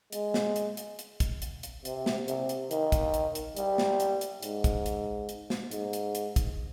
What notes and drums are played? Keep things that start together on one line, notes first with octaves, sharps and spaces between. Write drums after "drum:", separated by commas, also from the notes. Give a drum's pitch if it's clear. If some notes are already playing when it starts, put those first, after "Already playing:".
G#3, drum: hi-hat
drum: snare
drum: hi-hat
drum: hi-hat
drum: hi-hat
drum: kick, hi-hat
drum: hi-hat
drum: hi-hat
C3, drum: hi-hat
drum: snare
C3, drum: hi-hat
drum: hi-hat
D#3, drum: hi-hat
drum: kick, hi-hat
drum: hi-hat
drum: hi-hat
G3, drum: hi-hat
drum: snare
drum: hi-hat
drum: hi-hat
G#2, drum: hi-hat
drum: kick, hi-hat
drum: hi-hat
drum: hi-hat
drum: snare
G#2, drum: hi-hat
drum: hi-hat
drum: hi-hat
drum: kick, hi-hat